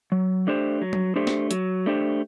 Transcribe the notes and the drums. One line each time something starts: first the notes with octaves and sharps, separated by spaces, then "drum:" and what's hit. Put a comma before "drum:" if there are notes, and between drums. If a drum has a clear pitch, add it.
F#3
A3 D4 G4 C5
F#3
drum: tom F#3
A3 D4 G4 C5
drum: snare
F#3, drum: hi-hat
A3 D4 G4 C5